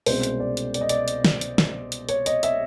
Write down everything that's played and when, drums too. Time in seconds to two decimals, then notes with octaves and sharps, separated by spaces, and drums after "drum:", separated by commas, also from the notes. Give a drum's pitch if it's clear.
0.06 C2 B2 G#3 C#4 C5, drum: open hi-hat
0.23 drum: hi-hat
0.40 D5
0.57 drum: hi-hat
0.74 D5, drum: hi-hat
0.81 D#5
0.89 D5, drum: hi-hat
1.08 drum: hi-hat
1.25 drum: snare
1.41 drum: hi-hat
1.58 drum: snare
1.92 drum: hi-hat
2.09 C#5, drum: hi-hat
2.26 D#5, drum: hi-hat
2.43 E5, drum: hi-hat